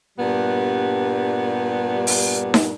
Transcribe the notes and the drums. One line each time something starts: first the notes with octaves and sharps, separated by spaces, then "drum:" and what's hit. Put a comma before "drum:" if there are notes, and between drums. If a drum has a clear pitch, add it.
G2 A#2 G3 B3 D4
drum: open hi-hat
drum: snare D#4